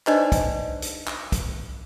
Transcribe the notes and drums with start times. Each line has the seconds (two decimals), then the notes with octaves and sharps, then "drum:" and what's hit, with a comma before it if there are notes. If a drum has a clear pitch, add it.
0.07 D4 D#4 B4 C5 D5 D#5, drum: clap
0.32 drum: kick, hi-hat
0.82 drum: hi-hat
1.07 drum: clap
1.32 drum: kick, hi-hat